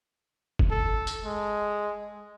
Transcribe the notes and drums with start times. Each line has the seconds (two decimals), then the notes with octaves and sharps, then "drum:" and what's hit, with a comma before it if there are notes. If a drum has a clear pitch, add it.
0.59 drum: kick
0.71 A4
1.07 drum: tambourine
1.25 G#3